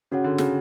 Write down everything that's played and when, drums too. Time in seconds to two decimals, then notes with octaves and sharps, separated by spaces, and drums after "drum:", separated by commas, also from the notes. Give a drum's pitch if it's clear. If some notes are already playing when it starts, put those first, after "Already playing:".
0.11 C#3 C#4 F#4 C#5 F#5
0.24 D3
0.38 C#3, drum: snare